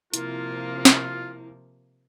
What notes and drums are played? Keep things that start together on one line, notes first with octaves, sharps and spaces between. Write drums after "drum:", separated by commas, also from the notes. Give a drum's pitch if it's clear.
C3 F3 A#3 E4 F4, drum: hi-hat
drum: snare